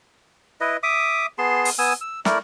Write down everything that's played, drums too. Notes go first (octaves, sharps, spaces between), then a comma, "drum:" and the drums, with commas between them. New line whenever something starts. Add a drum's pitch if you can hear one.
E4 B4 D#5
E5 D6 D#6
B3 G#4 A5 C6
drum: open hi-hat
B3 G#5 D#6 E6
E6
A3 E4 A#4 D5, drum: snare